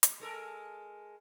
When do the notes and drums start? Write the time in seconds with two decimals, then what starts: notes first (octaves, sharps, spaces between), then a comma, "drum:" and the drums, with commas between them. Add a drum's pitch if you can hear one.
0.03 drum: hi-hat
0.20 G#3 A4 A#4